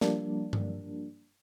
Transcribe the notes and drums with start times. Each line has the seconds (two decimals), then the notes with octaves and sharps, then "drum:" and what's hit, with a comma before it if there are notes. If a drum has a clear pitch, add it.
0.01 F3 G3 A#3 D4, drum: snare
0.53 drum: tom G2